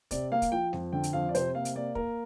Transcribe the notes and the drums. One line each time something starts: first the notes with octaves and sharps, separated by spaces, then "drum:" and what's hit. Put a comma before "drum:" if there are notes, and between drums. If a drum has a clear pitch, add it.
C3 D5, drum: kick, hi-hat
A#3 F5
drum: kick, hi-hat
F3 G5
F2, drum: snare G#3
D3 G5
drum: hi-hat
F2 F5
D5
C3 C5, drum: hi-hat
A#3 F5
drum: hi-hat
A#3 D5
A#3 A#4, drum: kick